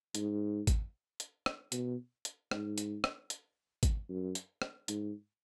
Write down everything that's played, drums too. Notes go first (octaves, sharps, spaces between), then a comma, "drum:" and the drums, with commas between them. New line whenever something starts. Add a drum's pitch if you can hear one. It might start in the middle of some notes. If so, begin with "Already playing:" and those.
G#2, drum: hi-hat
drum: kick G#1, hi-hat
drum: hi-hat
drum: rim click
B2, drum: hi-hat
drum: hi-hat
G#2, drum: rim click
drum: hi-hat
drum: rim click
drum: hi-hat
drum: kick G#1, hi-hat
F#2
drum: hi-hat
drum: rim click
G#2, drum: hi-hat